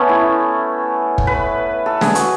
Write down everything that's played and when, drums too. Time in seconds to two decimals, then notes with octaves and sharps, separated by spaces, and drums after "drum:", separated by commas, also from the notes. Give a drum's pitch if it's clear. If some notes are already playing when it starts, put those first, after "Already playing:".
Already playing: A3 B3 C#4
0.09 E4
1.18 drum: kick
1.27 B4
1.86 A4
2.01 G#4, drum: snare
2.15 F#4, drum: hi-hat